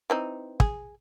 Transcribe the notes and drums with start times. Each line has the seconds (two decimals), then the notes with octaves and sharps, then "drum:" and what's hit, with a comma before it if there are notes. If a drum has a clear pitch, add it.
0.10 E3 C4 D#4
0.60 G#4, drum: kick